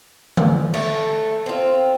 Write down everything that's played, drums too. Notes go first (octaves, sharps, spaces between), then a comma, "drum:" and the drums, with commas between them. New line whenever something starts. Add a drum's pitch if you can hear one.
drum: tom D3
A3, drum: cymbal
C4 F4